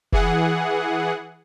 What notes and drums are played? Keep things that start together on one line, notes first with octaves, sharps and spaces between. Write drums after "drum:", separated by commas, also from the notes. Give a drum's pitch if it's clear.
E3 G#4 F#5, drum: kick F1